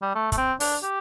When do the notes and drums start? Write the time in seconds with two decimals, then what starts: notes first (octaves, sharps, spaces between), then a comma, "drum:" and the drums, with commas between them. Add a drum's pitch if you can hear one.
0.02 G3
0.15 A3
0.32 A3, drum: kick, hi-hat
0.37 C4
0.60 D4, drum: open hi-hat
0.83 G4